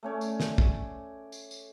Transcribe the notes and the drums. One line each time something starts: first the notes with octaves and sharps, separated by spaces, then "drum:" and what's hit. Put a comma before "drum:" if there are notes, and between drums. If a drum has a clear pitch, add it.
A3 C#4 C#5 D5
drum: tambourine
drum: snare
drum: kick
drum: tambourine
drum: tambourine